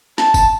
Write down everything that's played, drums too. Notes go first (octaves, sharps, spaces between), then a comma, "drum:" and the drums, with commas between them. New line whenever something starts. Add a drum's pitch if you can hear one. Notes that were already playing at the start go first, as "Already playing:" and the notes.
A5, drum: snare
drum: kick, tambourine